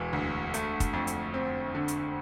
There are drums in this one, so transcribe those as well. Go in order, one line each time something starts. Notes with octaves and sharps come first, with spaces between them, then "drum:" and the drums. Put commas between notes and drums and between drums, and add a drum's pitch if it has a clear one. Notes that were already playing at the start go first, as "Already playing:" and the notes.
Already playing: E1 E3
D2
A3, drum: hi-hat
drum: kick, hi-hat
F2
drum: hi-hat
C4
D3
drum: hi-hat